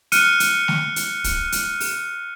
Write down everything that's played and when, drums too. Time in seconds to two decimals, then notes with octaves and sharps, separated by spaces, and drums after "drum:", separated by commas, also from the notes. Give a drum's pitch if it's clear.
0.12 F6 F#6 C#7 D#7, drum: hi-hat
0.40 drum: hi-hat
0.68 drum: snare A3
0.96 drum: hi-hat
1.24 drum: kick, hi-hat
1.52 drum: hi-hat
1.80 drum: open hi-hat